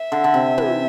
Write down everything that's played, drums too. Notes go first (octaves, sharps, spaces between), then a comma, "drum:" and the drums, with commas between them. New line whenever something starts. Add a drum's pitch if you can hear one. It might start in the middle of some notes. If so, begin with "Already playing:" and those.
Already playing: E5
D3
D3
C3
E3, drum: tom